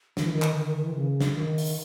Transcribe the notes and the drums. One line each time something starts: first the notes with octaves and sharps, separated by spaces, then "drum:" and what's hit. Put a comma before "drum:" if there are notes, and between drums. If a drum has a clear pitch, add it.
D#3, drum: snare
E3
D#3
drum: clap
D#3
D#3
D#3
E3
C#3
drum: snare
D#3
drum: open hi-hat